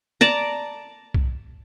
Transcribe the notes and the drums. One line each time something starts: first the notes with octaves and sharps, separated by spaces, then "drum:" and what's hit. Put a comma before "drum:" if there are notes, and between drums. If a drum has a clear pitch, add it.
D5 A5 A#5
drum: kick B1